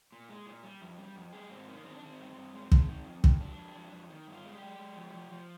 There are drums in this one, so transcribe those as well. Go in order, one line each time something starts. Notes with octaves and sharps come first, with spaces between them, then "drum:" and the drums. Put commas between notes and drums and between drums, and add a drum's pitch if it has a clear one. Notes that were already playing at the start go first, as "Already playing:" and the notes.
A#2
G#3
A#2
G3
F2
G3
F2
G3 G#4
G#2 C4
D#3 A#3
D#3 C4
D4
D#3 C4
G2
G2
G#3
G#3, drum: kick
D#3
F2
F2, drum: kick
F2 D4
F2
F2
F2
D#3
G2
F4
G#3
G4
G#3
G#3
F3
F3
F3